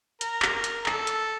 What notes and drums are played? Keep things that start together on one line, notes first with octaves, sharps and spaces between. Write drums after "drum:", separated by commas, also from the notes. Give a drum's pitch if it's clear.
A#4, drum: hi-hat
drum: clap
drum: hi-hat
A4, drum: clap
drum: hi-hat